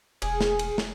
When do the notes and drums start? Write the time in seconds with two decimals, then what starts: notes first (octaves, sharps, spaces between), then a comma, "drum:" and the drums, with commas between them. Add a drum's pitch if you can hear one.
0.22 E1 G#4, drum: cymbal
0.41 drum: snare
0.59 drum: cymbal
0.78 drum: snare